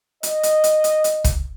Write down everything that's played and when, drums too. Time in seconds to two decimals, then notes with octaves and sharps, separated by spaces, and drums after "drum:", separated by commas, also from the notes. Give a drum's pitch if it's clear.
0.23 D#5, drum: hi-hat
0.43 drum: hi-hat
0.64 drum: hi-hat
0.84 drum: hi-hat
1.04 drum: hi-hat
1.24 drum: kick, hi-hat